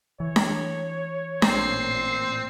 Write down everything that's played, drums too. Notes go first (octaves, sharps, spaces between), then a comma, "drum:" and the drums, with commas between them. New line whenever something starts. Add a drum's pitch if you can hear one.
E3 C#5
drum: snare D4
A1 A#2 C4 C7, drum: snare D4